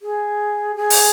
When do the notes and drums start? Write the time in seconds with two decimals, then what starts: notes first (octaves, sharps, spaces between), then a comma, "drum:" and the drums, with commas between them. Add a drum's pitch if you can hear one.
0.02 G#4
0.76 G#4
0.90 drum: open hi-hat